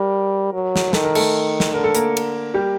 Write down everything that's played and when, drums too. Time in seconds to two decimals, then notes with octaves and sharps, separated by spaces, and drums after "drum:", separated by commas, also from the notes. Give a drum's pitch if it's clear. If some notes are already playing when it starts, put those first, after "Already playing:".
Already playing: G3 A#4
0.53 F#3
0.76 drum: snare
0.93 D#3 A4, drum: snare
1.05 A#4
1.15 A3 A4, drum: cymbal
1.60 drum: snare
1.74 D3 A#4
1.84 A4
1.95 A#3 A#4, drum: hi-hat
2.17 drum: cymbal
2.54 G3 G4